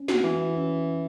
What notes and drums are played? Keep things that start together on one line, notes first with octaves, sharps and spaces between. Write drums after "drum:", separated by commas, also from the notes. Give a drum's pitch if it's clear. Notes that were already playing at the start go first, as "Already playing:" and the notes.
Already playing: C#4
F#4, drum: snare
E3
C#4